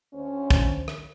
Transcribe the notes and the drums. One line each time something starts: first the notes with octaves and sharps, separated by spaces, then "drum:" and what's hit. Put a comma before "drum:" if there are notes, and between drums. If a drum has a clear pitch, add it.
D2 C#4 C5
drum: kick, hi-hat
drum: rim click